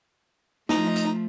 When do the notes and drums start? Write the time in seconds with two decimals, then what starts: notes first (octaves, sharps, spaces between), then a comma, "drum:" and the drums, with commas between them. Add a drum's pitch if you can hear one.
0.69 F3 A3 D#4 A#5, drum: snare
0.96 drum: hi-hat